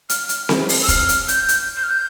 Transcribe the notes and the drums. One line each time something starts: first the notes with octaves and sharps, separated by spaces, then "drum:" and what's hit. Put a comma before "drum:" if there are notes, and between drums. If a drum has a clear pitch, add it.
F6, drum: hi-hat
drum: hi-hat
drum: snare C4
drum: open hi-hat
E6
F6, drum: kick, hi-hat
drum: hi-hat
G6, drum: hi-hat
drum: hi-hat
G6
F6
G6